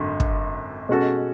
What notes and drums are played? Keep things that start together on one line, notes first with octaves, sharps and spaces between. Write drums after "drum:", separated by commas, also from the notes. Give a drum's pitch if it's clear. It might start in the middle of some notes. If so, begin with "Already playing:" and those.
Already playing: G#1 F#2 D3
drum: kick
B2 G#3 C#4 F#4 A4